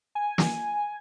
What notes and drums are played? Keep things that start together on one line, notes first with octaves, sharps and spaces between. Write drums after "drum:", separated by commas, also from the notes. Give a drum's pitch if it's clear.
G#5
drum: snare